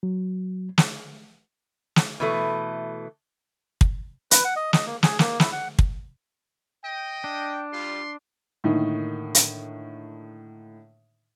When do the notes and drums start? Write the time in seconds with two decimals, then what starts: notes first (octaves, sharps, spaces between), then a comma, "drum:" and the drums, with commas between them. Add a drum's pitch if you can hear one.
0.03 F#3
0.78 drum: snare
1.96 drum: snare
2.20 B2 E3 A3
3.81 drum: kick
4.31 B4, drum: hi-hat
4.44 F#5
4.56 D#5
4.73 D#5, drum: snare
4.86 A#3
5.03 G#4, drum: snare
5.19 A#3, drum: snare
5.40 E4, drum: snare
5.52 F#5
5.79 drum: kick
6.85 D#5 G5
7.24 D4
7.73 G3 F4 C6
8.64 A2 D3 D#3 A#3 D#4
9.35 drum: hi-hat